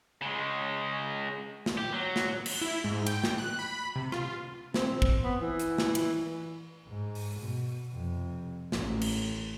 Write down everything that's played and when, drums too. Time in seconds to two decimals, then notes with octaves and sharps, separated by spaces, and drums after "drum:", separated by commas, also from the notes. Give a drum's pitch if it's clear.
0.22 C#3 G#3
1.66 drum: snare
1.77 G4
1.93 F#3
2.16 drum: snare
2.46 drum: cymbal
2.61 E4
2.84 G#2
3.06 G5, drum: cymbal
3.24 drum: snare
3.38 F#6
3.59 B5
3.96 C3
4.12 F4, drum: rim click
4.74 C4, drum: snare
5.02 drum: kick
5.23 B3
5.42 E3
5.59 drum: hi-hat
5.78 drum: snare
5.95 drum: cymbal
6.87 G#2
7.15 drum: open hi-hat
7.39 B2
7.93 F2 C3
8.72 A1, drum: snare
9.01 drum: cymbal